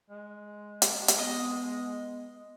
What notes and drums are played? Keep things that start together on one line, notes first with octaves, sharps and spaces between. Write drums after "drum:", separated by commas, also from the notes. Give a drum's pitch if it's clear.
G#3
drum: hi-hat
drum: hi-hat
B3 D#5